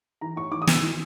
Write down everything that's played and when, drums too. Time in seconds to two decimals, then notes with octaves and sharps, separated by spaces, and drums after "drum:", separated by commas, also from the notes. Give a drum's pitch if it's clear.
0.21 E3 A#5
0.36 A2 C#6
0.52 E3 D6
0.62 D#6
0.67 E3, drum: snare
0.73 E6
0.82 E3